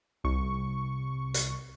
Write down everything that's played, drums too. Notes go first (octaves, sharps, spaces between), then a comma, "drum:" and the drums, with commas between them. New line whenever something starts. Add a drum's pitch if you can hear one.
C2 C#6
drum: hi-hat